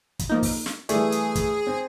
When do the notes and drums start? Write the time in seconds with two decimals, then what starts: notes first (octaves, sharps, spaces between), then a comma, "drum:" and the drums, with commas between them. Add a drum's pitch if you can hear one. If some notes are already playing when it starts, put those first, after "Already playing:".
0.19 drum: kick, hi-hat
0.29 F3 A#3 D#4
0.43 drum: kick, open hi-hat
0.66 drum: snare
0.89 E3 G3 A3 G#4, drum: hi-hat
1.12 drum: hi-hat
1.35 drum: kick, hi-hat
1.67 C4